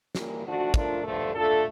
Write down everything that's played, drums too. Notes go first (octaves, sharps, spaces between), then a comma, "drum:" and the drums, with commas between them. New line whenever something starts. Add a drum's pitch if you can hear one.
C#3 E3 G3 A#3, drum: snare
F3 A3 D4 F#4
F3 A3 D4 F4 A#4, drum: kick
G2 D3 F3 A3
A3 D4 F4 A4